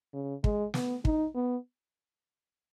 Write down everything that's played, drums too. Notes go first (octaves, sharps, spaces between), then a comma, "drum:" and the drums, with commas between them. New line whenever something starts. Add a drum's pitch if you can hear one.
C#3
G#3, drum: kick
B3, drum: snare
D#4, drum: kick
B3